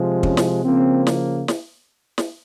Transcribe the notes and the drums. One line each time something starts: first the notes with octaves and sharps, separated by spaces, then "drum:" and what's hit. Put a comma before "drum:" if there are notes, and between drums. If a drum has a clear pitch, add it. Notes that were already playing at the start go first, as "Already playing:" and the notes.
Already playing: C3 F3 G#3
C#4, drum: kick
drum: snare
C#3 F3 A#3 C4
drum: snare
drum: snare
drum: snare